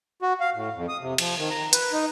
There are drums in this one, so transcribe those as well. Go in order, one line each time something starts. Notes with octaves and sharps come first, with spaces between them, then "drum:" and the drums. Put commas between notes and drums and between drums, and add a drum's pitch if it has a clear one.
F#4
F5
A2
F2
D#6
C3
F3, drum: cymbal
D#3
A#5
B4, drum: hi-hat
D#4